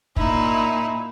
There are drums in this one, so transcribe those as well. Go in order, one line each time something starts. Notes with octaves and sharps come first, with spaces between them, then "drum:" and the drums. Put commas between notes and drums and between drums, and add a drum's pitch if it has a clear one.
A#2 D#4 E4, drum: kick